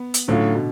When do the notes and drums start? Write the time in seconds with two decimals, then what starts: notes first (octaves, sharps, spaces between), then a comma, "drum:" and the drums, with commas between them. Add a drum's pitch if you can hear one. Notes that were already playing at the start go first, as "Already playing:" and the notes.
Already playing: B3
0.14 drum: hi-hat
0.28 A2 D3 F#3 C#4 F4
0.55 B2